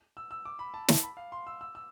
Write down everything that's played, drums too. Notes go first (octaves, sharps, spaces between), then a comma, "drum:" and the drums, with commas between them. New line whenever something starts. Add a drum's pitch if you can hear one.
E6
E6
D6
B5
A5
A5, drum: snare
B5
F5
C6
E6
E6
E6